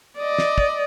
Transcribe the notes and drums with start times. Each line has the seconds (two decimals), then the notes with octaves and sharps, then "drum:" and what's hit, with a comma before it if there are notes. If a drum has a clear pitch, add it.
0.19 D5 D#5
0.38 drum: snare
0.58 drum: kick